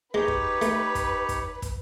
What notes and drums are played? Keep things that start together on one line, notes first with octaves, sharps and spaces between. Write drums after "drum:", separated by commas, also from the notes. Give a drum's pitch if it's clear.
G#3 D#4 G4 B4 C#5
drum: kick
A3, drum: hi-hat
drum: kick, hi-hat
drum: kick, hi-hat
drum: kick, hi-hat